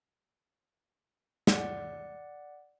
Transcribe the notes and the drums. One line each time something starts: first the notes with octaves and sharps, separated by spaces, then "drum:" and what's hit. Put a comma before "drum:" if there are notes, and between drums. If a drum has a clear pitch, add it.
D5 F#5, drum: snare